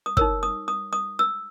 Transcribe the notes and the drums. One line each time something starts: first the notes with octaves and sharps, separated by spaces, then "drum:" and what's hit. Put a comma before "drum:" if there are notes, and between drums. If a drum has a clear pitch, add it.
D#6
D#4 A#4 C#5 E6, drum: kick
D#6
D#6
D#6
E6